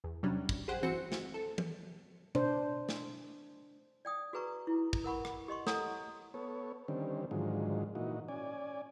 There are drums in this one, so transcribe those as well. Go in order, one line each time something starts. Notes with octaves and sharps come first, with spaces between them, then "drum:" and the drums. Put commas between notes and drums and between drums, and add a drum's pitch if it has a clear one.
E2
C3 F#3 G3 C#4 D4
drum: kick
G4 G#4 C5 F#5
E3 C4 F#4 C5 C#7
drum: snare
A4
drum: tom E3
D4 C5, drum: tom B2
drum: snare
D5 G5 D#6
F#4 G#4 B4 A#5 C#6
E4
drum: kick
A#4 F#5 B5 C#6
drum: rim click
G4 D#5 C6 C#6
A4 C#5 F#5 A#5 D#6, drum: snare
B3 A4 C#5
D3 D#3 G3 C4 C#4
G#2 D3 D#3 F3 F#3 G#3
A#2 E3 D#4 F#4
C#4 D5 G#5